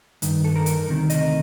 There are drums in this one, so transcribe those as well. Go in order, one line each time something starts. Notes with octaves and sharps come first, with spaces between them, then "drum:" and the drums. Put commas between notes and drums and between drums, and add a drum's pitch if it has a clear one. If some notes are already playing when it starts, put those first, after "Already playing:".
G2 D#3, drum: hi-hat
A4
A#4
drum: hi-hat
D2 C3 D#3
D#5, drum: hi-hat